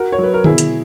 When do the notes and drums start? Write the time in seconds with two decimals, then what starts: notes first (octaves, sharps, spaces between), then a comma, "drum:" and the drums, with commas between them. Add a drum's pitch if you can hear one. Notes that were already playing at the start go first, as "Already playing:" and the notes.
Already playing: F#4 A#4
0.12 C#5
0.18 F#3 B4
0.34 A#4
0.44 B2 E4 G#4, drum: tom D3
0.58 drum: hi-hat